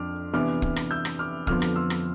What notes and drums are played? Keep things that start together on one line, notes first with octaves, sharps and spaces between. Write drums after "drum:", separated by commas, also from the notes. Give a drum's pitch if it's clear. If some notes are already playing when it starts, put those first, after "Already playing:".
Already playing: F2 D4 D6 F6
C3 E3 B3 D4 D6 F6
drum: kick
drum: rim click
E6 G6
drum: rim click
D6 F6
F2 D3 F3 B3 D6 F6, drum: kick
drum: rim click
C6 E6
drum: rim click